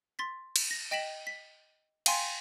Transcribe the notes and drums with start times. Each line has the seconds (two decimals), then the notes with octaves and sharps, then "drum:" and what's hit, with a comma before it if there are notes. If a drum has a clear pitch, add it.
0.19 C6 A6 B6
0.56 drum: cymbal
0.71 A#6
0.91 D#5 G5 A#6 B6 E7 F#7
1.27 B6
2.06 F5 G5 G#5 C6, drum: cymbal